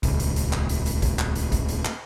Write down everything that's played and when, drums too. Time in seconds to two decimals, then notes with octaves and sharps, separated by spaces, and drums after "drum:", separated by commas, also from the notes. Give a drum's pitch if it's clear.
0.03 D#1 C#2, drum: kick, hi-hat
0.20 drum: hi-hat
0.36 drum: hi-hat
0.53 drum: clap
0.69 drum: hi-hat
0.86 drum: hi-hat
1.02 drum: kick, hi-hat
1.19 drum: clap
1.35 drum: hi-hat
1.52 drum: kick, hi-hat
1.69 drum: hi-hat
1.85 drum: clap